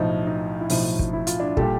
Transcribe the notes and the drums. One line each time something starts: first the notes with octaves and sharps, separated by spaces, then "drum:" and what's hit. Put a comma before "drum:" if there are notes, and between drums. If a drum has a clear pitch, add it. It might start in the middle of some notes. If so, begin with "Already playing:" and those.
Already playing: B1 A2 F3 D#4
D#4
E4
B1 A2 F3 D#4, drum: open hi-hat
drum: kick
E4
F4, drum: hi-hat
D4 E4
A#2 G3 G4 A4, drum: kick